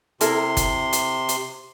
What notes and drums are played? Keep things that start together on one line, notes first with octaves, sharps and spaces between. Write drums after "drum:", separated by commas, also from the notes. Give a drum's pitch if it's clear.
C3 E4 A4 A#4 C6, drum: hi-hat
drum: kick G1, hi-hat
drum: hi-hat
drum: hi-hat